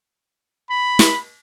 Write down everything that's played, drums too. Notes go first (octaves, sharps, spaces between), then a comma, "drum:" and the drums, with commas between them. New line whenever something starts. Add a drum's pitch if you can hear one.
B5
drum: snare